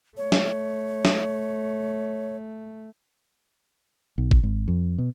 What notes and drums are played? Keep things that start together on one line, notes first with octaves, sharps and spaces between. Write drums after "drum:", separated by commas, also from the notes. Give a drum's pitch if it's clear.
A3 C#5
drum: snare
drum: snare
B1
drum: kick G#1
G#1
F2
B2